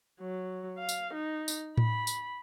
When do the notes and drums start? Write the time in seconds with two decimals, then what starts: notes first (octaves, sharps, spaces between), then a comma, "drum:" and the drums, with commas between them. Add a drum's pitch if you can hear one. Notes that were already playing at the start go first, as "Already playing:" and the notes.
0.20 F#3
0.78 F5
0.89 drum: tambourine
1.14 D#4
1.48 drum: tambourine
1.77 B5, drum: tom A2
2.07 drum: tambourine